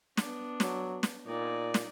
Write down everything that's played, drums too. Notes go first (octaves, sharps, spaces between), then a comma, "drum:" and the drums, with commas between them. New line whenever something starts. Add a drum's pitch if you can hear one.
B3 D4, drum: snare
F#3, drum: snare
drum: snare
A#2 D#4 D5
drum: snare